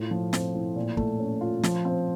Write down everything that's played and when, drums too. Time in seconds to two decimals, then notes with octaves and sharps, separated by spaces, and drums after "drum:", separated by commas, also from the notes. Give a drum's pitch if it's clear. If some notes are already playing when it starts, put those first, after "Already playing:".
Already playing: A2 F4
0.11 F3
0.33 C4, drum: snare
0.55 A2
0.75 A#2
0.97 A3, drum: kick
1.20 C#4
1.41 F4
1.63 F3, drum: snare
1.85 C4